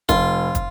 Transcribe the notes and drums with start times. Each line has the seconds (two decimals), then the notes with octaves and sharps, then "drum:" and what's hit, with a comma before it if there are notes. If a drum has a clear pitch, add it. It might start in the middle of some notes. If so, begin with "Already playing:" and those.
0.09 F1 F4, drum: kick, hi-hat
0.55 drum: kick, hi-hat